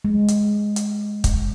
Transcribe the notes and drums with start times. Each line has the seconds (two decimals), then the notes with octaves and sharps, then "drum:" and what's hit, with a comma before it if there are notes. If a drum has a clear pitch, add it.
0.05 G#3
0.28 drum: hi-hat
0.76 drum: hi-hat
1.24 drum: kick, hi-hat